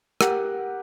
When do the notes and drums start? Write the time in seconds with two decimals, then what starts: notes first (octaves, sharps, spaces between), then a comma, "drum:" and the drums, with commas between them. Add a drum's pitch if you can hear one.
0.21 G4 A#4 F#5, drum: rim click